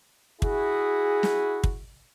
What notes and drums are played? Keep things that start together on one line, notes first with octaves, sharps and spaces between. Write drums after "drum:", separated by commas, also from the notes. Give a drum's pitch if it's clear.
E4 F#4 G#4, drum: kick
drum: snare
drum: kick